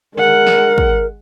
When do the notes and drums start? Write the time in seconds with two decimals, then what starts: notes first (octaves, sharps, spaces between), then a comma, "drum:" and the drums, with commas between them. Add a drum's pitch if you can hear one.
0.16 G#3 A#4 F#5
0.47 drum: snare
0.78 drum: kick